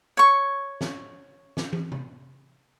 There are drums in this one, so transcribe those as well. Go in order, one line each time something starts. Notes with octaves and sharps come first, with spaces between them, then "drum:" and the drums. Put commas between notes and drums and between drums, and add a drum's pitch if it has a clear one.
C#5 C#6
drum: snare
drum: snare
drum: tom
drum: tom C3